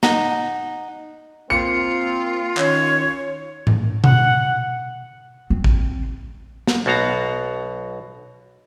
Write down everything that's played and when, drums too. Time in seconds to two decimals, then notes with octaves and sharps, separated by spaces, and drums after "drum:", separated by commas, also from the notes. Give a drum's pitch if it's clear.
0.03 D#4 F#5, drum: snare
1.50 A#3 C4 F4 C#7
2.57 D#3 C#4 C#5, drum: clap
3.67 drum: tom G#2
4.04 F#5, drum: tom B2
5.50 C4
5.64 drum: kick A1
6.67 drum: snare
6.86 B1 B2 F#4 F5 A#5